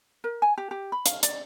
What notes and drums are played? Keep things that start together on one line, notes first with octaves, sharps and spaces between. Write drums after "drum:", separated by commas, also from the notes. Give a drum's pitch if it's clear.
A#4
G#5
G4
G4
B5
F5, drum: hi-hat
D5, drum: hi-hat